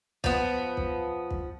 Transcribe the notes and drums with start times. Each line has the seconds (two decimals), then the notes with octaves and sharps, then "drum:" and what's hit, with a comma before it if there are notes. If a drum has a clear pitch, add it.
0.24 F3 B3, drum: kick
0.77 drum: kick
1.31 drum: kick